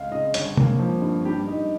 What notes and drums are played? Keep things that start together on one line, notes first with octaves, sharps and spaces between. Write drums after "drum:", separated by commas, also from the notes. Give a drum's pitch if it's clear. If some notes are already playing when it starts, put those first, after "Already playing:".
Already playing: C#2 G#3 G#4 F5
C#3 D#5
G1 C#5, drum: hi-hat
A#3, drum: tom C3
F3
G2
G2 G4
G2 D#4